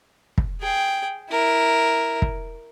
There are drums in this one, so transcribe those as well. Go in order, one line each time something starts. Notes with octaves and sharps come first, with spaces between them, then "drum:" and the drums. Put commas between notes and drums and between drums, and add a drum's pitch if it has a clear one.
drum: kick
G#4 G5
E4 A#4
drum: kick